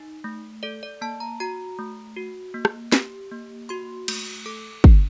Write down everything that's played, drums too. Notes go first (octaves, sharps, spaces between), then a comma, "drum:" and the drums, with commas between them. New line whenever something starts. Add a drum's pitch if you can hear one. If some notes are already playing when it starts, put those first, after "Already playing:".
Already playing: D#4
A3
A4 D5
D5
A#3 A5
A#5
F#4 A#5
A3
F#4
A#3
drum: rim click
G4, drum: snare
A#3
F#4 C6
A3, drum: cymbal
A4 D6
D4, drum: kick